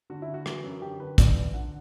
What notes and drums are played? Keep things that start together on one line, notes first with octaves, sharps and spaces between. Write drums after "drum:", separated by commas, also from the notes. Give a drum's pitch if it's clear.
D3 F#4
E4
D3
F#4
E3 F#4, drum: rim click
F#2
D3 G4
D3 B4
C#3 D5, drum: kick, hi-hat
E3
D3 F#5